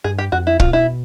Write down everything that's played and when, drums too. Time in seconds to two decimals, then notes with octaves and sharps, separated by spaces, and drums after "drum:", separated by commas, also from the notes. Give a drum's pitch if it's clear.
0.04 G2 G#4
0.18 G4
0.32 F2 F#4
0.47 E4
0.60 B2 F4, drum: kick
0.73 E4